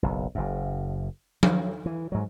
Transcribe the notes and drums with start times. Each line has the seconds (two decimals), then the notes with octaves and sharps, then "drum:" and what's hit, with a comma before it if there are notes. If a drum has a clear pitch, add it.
0.03 F#1 B1
0.35 F#1 F#2
1.43 F#3, drum: tom F3
1.86 E3
2.12 G#2 F#3